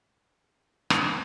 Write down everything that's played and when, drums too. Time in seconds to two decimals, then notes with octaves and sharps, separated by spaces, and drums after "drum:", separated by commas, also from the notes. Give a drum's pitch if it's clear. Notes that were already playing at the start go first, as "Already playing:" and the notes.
Already playing: F#2 C#3 G#3
0.45 C#2 C#3 G#3
0.90 drum: rim click